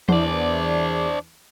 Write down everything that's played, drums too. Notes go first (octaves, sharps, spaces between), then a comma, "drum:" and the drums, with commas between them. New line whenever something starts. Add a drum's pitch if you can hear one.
E2 D4 C5 D5, drum: tom E3